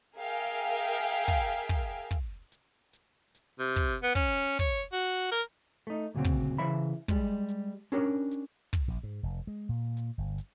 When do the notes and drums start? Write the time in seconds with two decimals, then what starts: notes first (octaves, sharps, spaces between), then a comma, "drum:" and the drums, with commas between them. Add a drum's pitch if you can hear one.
0.17 G#4 A#4 E5 F5 G5
0.45 drum: hi-hat
1.28 drum: kick
1.69 drum: kick, open hi-hat
2.11 drum: kick, hi-hat
2.52 drum: hi-hat
2.93 drum: hi-hat
3.35 drum: hi-hat
3.59 C3
3.76 drum: kick, hi-hat
4.03 B3
4.15 C#4, drum: kick, open hi-hat
4.59 C#5, drum: kick, hi-hat
4.92 F#4
5.31 A#4
5.42 drum: hi-hat
5.87 A3 D#4
6.15 D2 A#2 C#3 F#3 C4
6.24 drum: kick, hi-hat
6.58 C#3 E3 C5 E5 B5
7.08 G3 G#3, drum: kick, hi-hat
7.49 drum: hi-hat
7.92 C#4 D4 G4 A#4 C#5, drum: hi-hat
8.31 drum: hi-hat
8.73 drum: kick, hi-hat
8.88 A#1
9.03 G#2
9.23 F1
9.47 G#3
9.69 A#2
9.97 drum: hi-hat
10.18 G1
10.38 drum: hi-hat